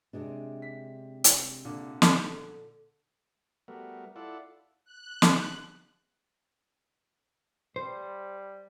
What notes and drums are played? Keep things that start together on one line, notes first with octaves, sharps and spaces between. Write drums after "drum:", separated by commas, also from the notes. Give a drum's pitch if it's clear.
C3 G#3 D4
B6
drum: hi-hat
A#2 D3
A4, drum: snare
G3 A3 B3 F#4 A#4
E4 F4 A4 D5 F#5
F#6
drum: snare
G3 C5